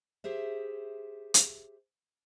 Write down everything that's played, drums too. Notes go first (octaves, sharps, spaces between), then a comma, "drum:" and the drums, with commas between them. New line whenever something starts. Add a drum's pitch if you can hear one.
G4 G#4 C5 E5
drum: hi-hat